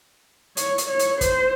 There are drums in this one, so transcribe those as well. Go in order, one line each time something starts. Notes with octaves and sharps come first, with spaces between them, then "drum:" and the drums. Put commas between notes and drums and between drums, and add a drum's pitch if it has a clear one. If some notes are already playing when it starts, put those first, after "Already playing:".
C#5, drum: hi-hat
drum: hi-hat
C#5
drum: hi-hat
C5, drum: kick, hi-hat